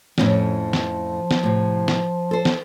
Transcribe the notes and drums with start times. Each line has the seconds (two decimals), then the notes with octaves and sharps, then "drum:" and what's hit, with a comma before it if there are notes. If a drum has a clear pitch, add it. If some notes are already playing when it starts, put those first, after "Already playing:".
0.18 F2 A2 F3 C#4, drum: snare
0.73 drum: snare
1.31 drum: snare
1.43 A2 C3
1.88 drum: snare
2.31 A4 C5
2.45 drum: snare